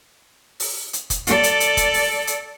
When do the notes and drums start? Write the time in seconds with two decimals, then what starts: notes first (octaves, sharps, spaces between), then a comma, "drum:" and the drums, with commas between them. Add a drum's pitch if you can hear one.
0.60 drum: open hi-hat
0.93 drum: hi-hat
1.10 drum: kick F1, hi-hat
1.27 A4 D5, drum: hi-hat
1.43 drum: hi-hat
1.60 drum: hi-hat
1.77 drum: kick F1, hi-hat
1.94 drum: open hi-hat
2.27 drum: hi-hat